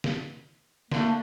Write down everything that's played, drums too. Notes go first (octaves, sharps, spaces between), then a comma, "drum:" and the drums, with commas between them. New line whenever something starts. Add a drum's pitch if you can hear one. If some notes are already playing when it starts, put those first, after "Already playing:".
drum: snare
D3 A3 A#3, drum: snare